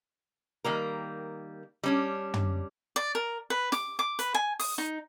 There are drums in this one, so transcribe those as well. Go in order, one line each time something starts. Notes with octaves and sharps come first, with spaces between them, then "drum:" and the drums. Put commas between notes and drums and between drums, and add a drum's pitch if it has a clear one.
D#3 G3 A#3 A#4
G3 C#4 D4
drum: tom
D5
A#4
B4
D6, drum: snare
D6
B4, drum: hi-hat
G#5
D#6, drum: open hi-hat
D#4